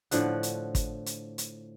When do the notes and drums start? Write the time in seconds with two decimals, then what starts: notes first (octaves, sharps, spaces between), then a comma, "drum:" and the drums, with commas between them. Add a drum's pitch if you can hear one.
0.11 A2 D3 F3 F#5, drum: hi-hat
0.43 drum: hi-hat
0.75 drum: kick, hi-hat
1.06 drum: hi-hat
1.38 drum: hi-hat